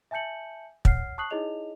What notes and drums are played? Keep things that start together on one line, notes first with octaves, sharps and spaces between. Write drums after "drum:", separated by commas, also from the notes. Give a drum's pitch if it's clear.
E5 G#5 A5 G6 C#7 F#7
C#5 F#5 F6 C7, drum: kick
A5 C#6 D#6 F#6 C7 F#7
D#4 E4 G#4 C#5 D#5 F7